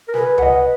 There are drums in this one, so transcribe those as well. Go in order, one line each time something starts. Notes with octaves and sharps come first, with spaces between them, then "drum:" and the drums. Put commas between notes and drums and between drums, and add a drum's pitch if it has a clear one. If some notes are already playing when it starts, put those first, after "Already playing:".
A#4
G#4 B4, drum: snare
D#5 F#5, drum: tom C#2